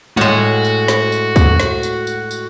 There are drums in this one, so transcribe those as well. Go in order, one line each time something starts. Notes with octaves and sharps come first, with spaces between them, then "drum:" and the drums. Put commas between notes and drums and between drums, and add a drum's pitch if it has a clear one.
A2 G#3 F#4, drum: tom G3
drum: tambourine
drum: snare
drum: tambourine
drum: kick, tambourine
drum: snare
drum: tambourine
drum: tambourine
drum: tambourine